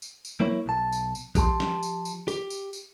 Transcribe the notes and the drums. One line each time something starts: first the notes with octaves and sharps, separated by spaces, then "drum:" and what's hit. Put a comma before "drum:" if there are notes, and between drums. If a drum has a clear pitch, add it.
drum: tambourine
drum: tambourine
F#3 A#3 E4 C#5
B1 A5
drum: tambourine
drum: tambourine
F3 G4 A5 C6, drum: kick A#1, tambourine
drum: snare
drum: tambourine
drum: tambourine
G4, drum: tambourine
drum: tambourine
drum: tambourine